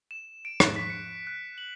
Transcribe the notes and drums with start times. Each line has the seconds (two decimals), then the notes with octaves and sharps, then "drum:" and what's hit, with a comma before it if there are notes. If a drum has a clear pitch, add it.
0.11 E7
0.45 D7
0.60 F#6, drum: rim click
0.76 B6
0.90 C#7
1.27 F#6
1.58 F#7